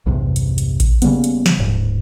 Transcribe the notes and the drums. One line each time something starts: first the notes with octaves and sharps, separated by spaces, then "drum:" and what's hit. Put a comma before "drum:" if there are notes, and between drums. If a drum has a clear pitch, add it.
B1 E2 G2 C3
drum: hi-hat
drum: hi-hat
drum: kick A1, hi-hat
C#3 G3 A#3 B3, drum: hi-hat
drum: hi-hat
drum: snare
D1 G#2